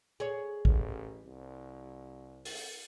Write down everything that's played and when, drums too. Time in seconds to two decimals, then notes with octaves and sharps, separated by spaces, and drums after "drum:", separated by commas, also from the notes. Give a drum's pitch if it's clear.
0.20 G#4 C#5
0.65 A1, drum: kick
1.24 C2
2.45 drum: open hi-hat